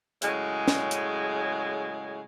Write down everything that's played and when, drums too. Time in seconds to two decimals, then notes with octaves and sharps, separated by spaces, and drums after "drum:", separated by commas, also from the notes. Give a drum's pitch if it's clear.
0.22 A2 C#3 F#3 G#3, drum: hi-hat
0.68 drum: snare
0.91 drum: hi-hat